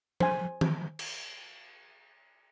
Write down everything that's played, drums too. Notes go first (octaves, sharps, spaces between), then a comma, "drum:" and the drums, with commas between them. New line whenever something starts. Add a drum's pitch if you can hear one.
C5 G#5, drum: tom F3
drum: tom D#3
drum: cymbal